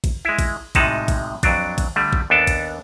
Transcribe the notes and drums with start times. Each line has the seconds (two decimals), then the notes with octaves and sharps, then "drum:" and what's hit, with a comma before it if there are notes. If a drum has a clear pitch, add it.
0.04 drum: kick, cymbal
0.25 G#3 E4
0.39 drum: kick, cymbal
0.75 A2 C3 G#3 D#4 F#4 A5, drum: kick, cymbal
1.08 drum: kick, cymbal
1.43 F2 F#3 D4, drum: kick, cymbal
1.78 drum: kick, cymbal
1.96 D3 G3 A3
2.13 drum: kick
2.30 D#2 B3 D4 A4 A5
2.47 drum: kick, cymbal